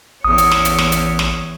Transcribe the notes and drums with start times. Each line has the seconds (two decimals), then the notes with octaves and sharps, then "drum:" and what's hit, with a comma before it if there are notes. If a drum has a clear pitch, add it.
0.24 A1 E2 C#5 D#6
0.38 drum: hi-hat
0.51 drum: snare
0.65 drum: hi-hat
0.78 drum: snare
0.92 drum: hi-hat
1.19 drum: snare